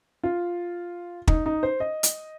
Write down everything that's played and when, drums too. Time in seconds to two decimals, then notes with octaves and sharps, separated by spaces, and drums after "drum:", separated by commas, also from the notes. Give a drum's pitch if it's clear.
0.24 F4
1.28 D#4, drum: kick
1.46 D#4
1.63 C5
1.80 D#5
2.03 drum: hi-hat